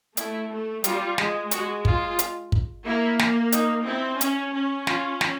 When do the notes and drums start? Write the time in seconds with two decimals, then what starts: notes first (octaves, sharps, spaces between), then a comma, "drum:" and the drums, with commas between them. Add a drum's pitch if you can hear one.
0.17 A3 E4, drum: hi-hat
0.50 A3
0.84 G3 F4, drum: hi-hat
1.18 G#3, drum: snare
1.51 G#3 F#4, drum: hi-hat
1.85 F4, drum: kick
2.19 drum: hi-hat
2.52 drum: kick
2.85 A#3 E4
3.19 drum: snare
3.52 D#4, drum: hi-hat
3.86 C4 E4
4.21 C#4, drum: hi-hat
4.54 C#4
4.87 F4, drum: snare
5.21 drum: snare